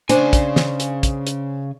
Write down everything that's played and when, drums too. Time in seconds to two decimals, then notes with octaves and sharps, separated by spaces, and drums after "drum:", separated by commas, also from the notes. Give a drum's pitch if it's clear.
0.09 C#3 D4 C5 G#5, drum: hi-hat
0.33 drum: kick, hi-hat
0.56 drum: snare
0.80 drum: hi-hat
1.03 drum: kick, hi-hat
1.27 drum: hi-hat